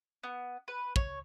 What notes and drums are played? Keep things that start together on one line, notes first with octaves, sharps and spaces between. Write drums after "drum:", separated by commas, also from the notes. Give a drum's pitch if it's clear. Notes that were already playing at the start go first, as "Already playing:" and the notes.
B3
B4
C#5, drum: kick